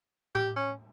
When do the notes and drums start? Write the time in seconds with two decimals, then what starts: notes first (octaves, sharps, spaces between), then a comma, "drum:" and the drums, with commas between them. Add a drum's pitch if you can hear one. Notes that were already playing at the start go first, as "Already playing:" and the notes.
0.35 G4, drum: tom A2
0.56 C#4